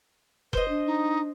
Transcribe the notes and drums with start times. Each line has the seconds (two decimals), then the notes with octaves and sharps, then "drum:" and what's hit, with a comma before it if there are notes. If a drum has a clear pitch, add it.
0.53 B4 C5 D#5, drum: kick F1
0.69 D4
0.87 D#4